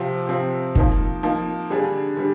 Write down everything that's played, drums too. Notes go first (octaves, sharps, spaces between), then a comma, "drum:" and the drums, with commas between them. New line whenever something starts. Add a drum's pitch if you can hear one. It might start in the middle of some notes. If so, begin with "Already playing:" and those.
Already playing: C3 F3 C4
C3 F3 C4
F3 A#3 D#4, drum: kick
F3 A#3 D#4
D3 G3 D4 G#4
D3 G3